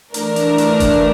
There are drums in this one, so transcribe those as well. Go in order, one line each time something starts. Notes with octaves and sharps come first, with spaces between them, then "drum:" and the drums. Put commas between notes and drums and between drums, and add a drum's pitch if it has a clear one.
E3 A3 D4 A#4, drum: hi-hat
drum: hi-hat
drum: hi-hat
drum: kick E1, hi-hat